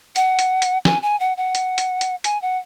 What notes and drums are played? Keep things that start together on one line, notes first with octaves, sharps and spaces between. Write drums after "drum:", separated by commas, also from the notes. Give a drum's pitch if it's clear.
F#5, drum: hi-hat
drum: hi-hat
drum: hi-hat
G#5, drum: snare
G#5
F#5
F#5
drum: hi-hat
drum: hi-hat
drum: hi-hat
G#5, drum: hi-hat
F#5